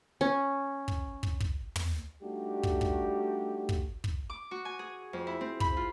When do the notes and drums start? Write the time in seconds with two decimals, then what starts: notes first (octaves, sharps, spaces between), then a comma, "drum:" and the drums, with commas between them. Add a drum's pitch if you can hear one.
0.21 C#4
0.88 drum: kick
1.23 drum: kick
1.40 drum: kick
1.76 drum: tom
2.22 G3 A3 D4 D#4 F#4 G4
2.63 drum: kick
2.81 drum: kick
3.69 drum: kick
4.04 drum: kick
4.30 D6
4.51 F#4
4.65 G#5
4.79 G#4
5.13 F2
5.27 E4
5.41 C4
5.60 B5, drum: kick
5.77 F4